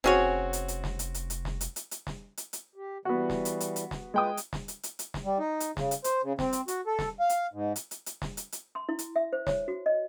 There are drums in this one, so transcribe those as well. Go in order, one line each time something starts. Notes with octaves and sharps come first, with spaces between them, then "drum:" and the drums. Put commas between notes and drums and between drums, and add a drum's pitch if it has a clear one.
F1 C4 C#4 F#4 G#4 C#5
drum: hi-hat
drum: hi-hat
drum: snare
drum: hi-hat
drum: hi-hat
drum: hi-hat
drum: snare
drum: hi-hat
drum: hi-hat
drum: hi-hat
drum: snare
drum: hi-hat
drum: hi-hat
G4
E3 G3 B3 F#4
drum: snare
drum: hi-hat
drum: hi-hat
drum: hi-hat
drum: snare
G#3 F4 B4 G5 D#6
drum: hi-hat
drum: snare
drum: hi-hat
drum: hi-hat
drum: hi-hat
drum: snare
G3
D#4
drum: hi-hat
C#3, drum: snare
drum: hi-hat
C5, drum: hi-hat
C#3
C4, drum: snare
drum: hi-hat
F#4, drum: hi-hat
A4
drum: snare
F5
drum: hi-hat
G#2
drum: hi-hat
drum: hi-hat
drum: hi-hat
drum: snare
drum: hi-hat
drum: hi-hat
C6
E4
drum: hi-hat
E5
C5
C#5, drum: snare
F#4
D#5